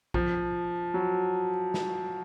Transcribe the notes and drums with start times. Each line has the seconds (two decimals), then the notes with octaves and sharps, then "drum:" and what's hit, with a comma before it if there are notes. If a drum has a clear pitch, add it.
0.14 F3, drum: kick A#1
0.94 F#3
1.74 drum: snare